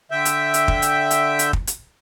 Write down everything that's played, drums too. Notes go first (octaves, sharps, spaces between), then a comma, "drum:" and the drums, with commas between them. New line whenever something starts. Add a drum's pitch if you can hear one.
D3 E5 G5
drum: hi-hat
drum: hi-hat
drum: kick
drum: hi-hat
drum: hi-hat
drum: hi-hat
drum: kick
drum: hi-hat